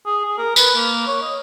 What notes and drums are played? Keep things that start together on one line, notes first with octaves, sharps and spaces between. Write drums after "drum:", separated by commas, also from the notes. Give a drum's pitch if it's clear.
G#4
G#4
A#4
B4, drum: tambourine
A#3
C#5
D#5